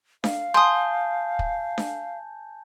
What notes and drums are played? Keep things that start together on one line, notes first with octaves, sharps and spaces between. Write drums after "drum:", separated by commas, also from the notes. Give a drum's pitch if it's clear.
F5, drum: snare D4
G#5 A5 C6 D#6 G6
drum: kick
drum: snare D4